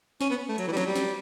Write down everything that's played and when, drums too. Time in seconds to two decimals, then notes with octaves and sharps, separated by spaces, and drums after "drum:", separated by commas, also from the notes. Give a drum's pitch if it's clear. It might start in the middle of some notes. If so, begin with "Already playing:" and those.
0.21 C#4, drum: snare
0.30 B3
0.49 A3
0.58 F#3, drum: hi-hat
0.68 E3
0.72 G3
0.77 F#3, drum: snare
0.86 G3
0.96 drum: snare